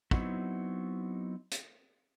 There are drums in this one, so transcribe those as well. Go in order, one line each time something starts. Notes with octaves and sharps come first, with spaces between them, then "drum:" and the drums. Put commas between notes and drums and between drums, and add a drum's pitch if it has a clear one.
F#3 B3 C4 D#4 E4 F#4, drum: kick
drum: hi-hat